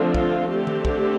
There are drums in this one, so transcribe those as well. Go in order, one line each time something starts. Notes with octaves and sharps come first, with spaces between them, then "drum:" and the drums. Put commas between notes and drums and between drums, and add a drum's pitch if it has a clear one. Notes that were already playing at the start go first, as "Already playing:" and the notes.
Already playing: D3 F3 A3 C4
F4, drum: kick
D3 A3 C4 G4
drum: tom D#3
drum: kick